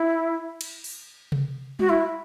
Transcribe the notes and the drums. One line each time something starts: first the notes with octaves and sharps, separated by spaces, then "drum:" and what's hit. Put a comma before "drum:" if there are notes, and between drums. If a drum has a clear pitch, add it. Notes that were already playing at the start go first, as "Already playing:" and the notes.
Already playing: E4
drum: cymbal
drum: open hi-hat
drum: tom C3
F#4, drum: tom G3
E4